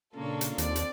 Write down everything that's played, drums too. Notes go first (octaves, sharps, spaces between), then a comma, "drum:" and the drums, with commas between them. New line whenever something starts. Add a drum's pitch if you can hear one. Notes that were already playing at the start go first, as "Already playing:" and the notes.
A#2 C#3 A#3 D4 F4 A4 C#5
drum: hi-hat
D#2 C4 D5, drum: hi-hat
drum: hi-hat